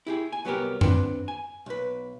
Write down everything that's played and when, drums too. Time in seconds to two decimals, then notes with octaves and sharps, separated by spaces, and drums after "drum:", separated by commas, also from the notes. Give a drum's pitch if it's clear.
0.06 E4 G4 G#4
0.32 G#5
0.45 C2 F#3 B3 D#4 G4 A#4
0.81 C4 D4 B4 F#5, drum: tom F#2
1.28 G#5
1.66 B1 B4